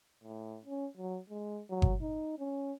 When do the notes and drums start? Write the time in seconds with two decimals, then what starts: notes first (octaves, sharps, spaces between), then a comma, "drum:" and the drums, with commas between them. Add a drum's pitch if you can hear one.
0.24 A2
0.65 C#4
0.97 F#3
1.30 G#3
1.70 F#3
1.82 drum: kick G1
2.01 D#4
2.39 C#4